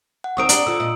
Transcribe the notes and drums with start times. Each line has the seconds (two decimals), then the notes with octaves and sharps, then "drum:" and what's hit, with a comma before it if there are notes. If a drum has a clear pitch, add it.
0.24 F#5
0.37 D#2 C4 A#4 C#6 D#6 D7
0.49 D4 G4 A#5 C#7 F#7, drum: hi-hat
0.67 D3 F4 E6
0.80 A#2 D#5